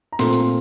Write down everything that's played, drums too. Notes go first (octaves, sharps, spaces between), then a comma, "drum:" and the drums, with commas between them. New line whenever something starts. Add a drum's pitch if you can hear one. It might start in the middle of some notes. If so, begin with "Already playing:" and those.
A#5
A#2 A3 C4 C6, drum: snare
drum: hi-hat